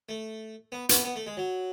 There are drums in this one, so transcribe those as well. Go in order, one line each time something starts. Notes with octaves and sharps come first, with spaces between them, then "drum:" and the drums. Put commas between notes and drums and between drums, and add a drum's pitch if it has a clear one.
A3
B3
B3, drum: hi-hat
B3
A3
G#3
F#3